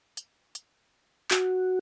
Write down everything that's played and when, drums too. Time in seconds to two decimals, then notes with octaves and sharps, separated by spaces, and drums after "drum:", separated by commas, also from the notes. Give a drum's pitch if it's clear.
0.17 drum: hi-hat
0.55 drum: hi-hat
1.31 F#4, drum: clap